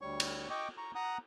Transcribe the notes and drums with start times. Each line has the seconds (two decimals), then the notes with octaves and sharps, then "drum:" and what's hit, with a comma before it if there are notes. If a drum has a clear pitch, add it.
0.01 D2 G3 C#5 C#6
0.20 drum: cymbal
0.50 D#5 G5 C#6 D6
0.78 A#5 C#6
0.95 F#5 A#5 D#6 F#6